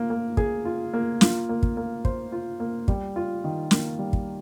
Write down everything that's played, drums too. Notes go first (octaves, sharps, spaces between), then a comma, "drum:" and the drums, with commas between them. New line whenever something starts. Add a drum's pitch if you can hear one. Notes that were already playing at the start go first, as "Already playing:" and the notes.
Already playing: A#3 F4
A#3
G#4, drum: kick
F4
A#3
F4, drum: snare
A#3
drum: kick
A#3
C5, drum: kick
F4
A#3
G3, drum: kick
F4
D#3
A#3, drum: snare
G3
drum: kick